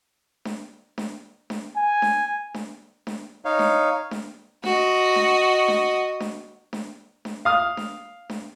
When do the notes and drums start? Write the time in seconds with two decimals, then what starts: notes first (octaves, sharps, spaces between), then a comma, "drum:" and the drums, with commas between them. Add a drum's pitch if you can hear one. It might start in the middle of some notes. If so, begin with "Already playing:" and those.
0.45 drum: snare D4
0.98 drum: snare D4
1.50 drum: snare D4
1.77 G#5
2.02 drum: snare D4
2.54 drum: snare D4
3.07 drum: snare D4
3.45 D#4 C#5 F5
3.59 drum: snare D4
4.11 drum: snare D4
4.64 F#4 D#5, drum: snare D4
5.16 drum: snare D4
5.68 drum: snare D4
6.20 drum: snare D4
6.73 drum: snare D4
7.25 drum: snare D4
7.45 F5 D#6 F6
7.77 drum: snare D4
8.30 drum: snare D4